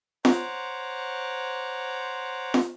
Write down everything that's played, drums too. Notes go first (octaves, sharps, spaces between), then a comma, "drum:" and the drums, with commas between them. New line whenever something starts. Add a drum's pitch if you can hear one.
C5 C#5 F#5 A#5 D6, drum: snare
drum: snare